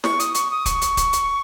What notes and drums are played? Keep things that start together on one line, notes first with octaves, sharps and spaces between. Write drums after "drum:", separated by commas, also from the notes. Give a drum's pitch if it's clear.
C#6, drum: snare
D#6, drum: hi-hat
C#6, drum: hi-hat
D#6
C#6, drum: kick, hi-hat
drum: hi-hat
drum: kick, hi-hat
drum: hi-hat